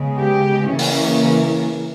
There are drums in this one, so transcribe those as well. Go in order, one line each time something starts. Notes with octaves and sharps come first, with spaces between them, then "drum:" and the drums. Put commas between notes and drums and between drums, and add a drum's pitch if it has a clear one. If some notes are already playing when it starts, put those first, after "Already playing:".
Already playing: C#3 G#3 B3
G4
C#3 E3 A#3 C#4
drum: open hi-hat